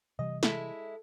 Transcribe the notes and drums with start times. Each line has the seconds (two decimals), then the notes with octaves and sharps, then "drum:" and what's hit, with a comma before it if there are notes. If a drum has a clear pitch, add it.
0.19 C3 E3 G3 D#5
0.43 G#3 E4 A4, drum: snare